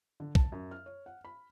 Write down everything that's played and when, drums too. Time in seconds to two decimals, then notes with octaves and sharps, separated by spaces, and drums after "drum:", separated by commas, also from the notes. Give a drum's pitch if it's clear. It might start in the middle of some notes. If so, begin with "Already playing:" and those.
0.20 D3
0.35 A5, drum: kick
0.52 F#2
0.71 F6
0.86 C#5
1.06 F#5
1.25 B5